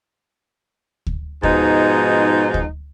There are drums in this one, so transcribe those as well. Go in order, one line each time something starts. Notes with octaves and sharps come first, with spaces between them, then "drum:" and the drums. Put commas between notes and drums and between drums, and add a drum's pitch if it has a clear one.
drum: kick D2
G#2 B2 F3 G#3 D#4, drum: kick D2
drum: kick D2